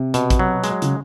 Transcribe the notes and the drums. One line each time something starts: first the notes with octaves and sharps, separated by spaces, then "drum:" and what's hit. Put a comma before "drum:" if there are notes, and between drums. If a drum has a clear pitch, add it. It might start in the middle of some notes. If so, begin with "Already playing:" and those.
Already playing: C3
B2, drum: hi-hat
drum: kick A1, hi-hat
F#3
G#3, drum: hi-hat
C#3, drum: hi-hat